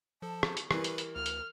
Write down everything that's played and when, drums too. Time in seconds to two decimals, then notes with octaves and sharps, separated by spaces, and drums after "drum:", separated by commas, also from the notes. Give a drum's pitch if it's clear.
0.22 F3 A4 A5
0.43 drum: rim click
0.57 drum: hi-hat
0.71 E3 G3 A#4 B4 B5, drum: rim click
0.84 drum: hi-hat
0.98 drum: hi-hat
1.16 D2 F6
1.26 drum: hi-hat